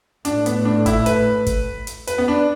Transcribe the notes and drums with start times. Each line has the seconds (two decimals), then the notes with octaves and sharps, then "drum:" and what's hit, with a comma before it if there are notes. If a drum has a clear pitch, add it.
0.25 A2 A3 D4, drum: hi-hat
0.46 B3, drum: hi-hat
0.65 D4
0.86 E4, drum: kick G#1, hi-hat
1.06 B4, drum: hi-hat
1.46 drum: kick G#1, hi-hat
1.87 drum: hi-hat
2.07 B4, drum: hi-hat
2.18 B3
2.28 D4